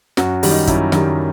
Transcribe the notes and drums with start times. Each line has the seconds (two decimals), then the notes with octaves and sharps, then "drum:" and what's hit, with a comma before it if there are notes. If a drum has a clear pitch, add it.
0.17 F#2 F#4, drum: snare
0.43 D#3 G3, drum: open hi-hat
0.51 D#4
0.67 F#2 E4, drum: kick, hi-hat
0.92 D#3 G3, drum: snare